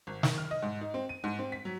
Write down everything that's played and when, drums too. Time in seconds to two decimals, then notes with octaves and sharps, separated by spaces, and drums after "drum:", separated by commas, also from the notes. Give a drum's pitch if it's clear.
0.07 G#1
0.23 D#3, drum: snare
0.38 F6
0.51 D#5
0.62 G#2
0.81 D#4
0.94 C4
1.09 D#7
1.24 G#2
1.39 C4
1.52 B6
1.65 F#3